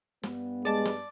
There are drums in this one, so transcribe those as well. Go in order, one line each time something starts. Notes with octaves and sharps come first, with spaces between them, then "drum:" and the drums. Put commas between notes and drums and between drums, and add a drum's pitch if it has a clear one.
G2 B3, drum: snare
G#3 D5 A5 D6
drum: snare